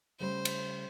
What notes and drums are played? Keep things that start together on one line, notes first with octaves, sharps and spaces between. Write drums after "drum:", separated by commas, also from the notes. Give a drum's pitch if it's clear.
C#3 G3 A3 C5
drum: cymbal